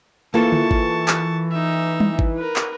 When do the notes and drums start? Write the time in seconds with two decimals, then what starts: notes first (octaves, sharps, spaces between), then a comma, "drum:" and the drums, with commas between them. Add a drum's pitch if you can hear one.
0.34 E3 A#3 F4 A4 A5 C#6
0.52 drum: tom D3
0.71 drum: kick G#1
1.08 drum: clap
1.51 D#4 E5
2.00 drum: tom G3
2.19 drum: kick G#1
2.37 A#4 B4
2.56 drum: clap